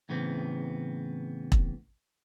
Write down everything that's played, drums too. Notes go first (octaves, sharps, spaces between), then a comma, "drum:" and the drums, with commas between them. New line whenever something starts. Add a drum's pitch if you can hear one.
A2 C#3 E3 B3 C4
drum: kick E1